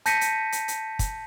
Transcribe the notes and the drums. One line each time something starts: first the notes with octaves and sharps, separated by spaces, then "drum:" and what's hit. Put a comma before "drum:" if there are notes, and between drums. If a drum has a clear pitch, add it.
A5 G6 A#6 B6 C#7 D#7, drum: hi-hat
drum: hi-hat
drum: hi-hat
drum: hi-hat
drum: kick, hi-hat